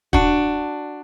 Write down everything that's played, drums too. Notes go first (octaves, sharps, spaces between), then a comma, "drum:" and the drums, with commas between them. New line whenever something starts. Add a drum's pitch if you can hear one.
D4 F#4, drum: kick